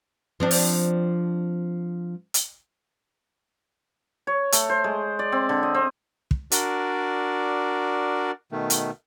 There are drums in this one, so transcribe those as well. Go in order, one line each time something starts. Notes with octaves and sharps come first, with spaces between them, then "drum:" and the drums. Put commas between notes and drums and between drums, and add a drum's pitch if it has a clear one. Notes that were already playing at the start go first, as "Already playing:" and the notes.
F3 C4 D4
drum: open hi-hat
drum: hi-hat
C#5
A3, drum: hi-hat
C5
G#3
D5
C4
D3
D#5
C4
drum: kick
D4 F#4 A#4 D5, drum: hi-hat
B2 D#3 A3
drum: hi-hat